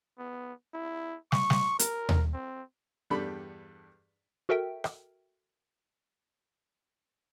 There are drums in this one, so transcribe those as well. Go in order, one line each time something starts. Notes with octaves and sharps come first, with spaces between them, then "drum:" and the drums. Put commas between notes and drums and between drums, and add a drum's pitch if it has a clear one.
B3
E4
C#6, drum: snare
drum: snare
A#4, drum: hi-hat
drum: tom D#2
C4
E2 G2 D4 G4 A4 B5
F#4 A4 A#4 E5 G5
drum: rim click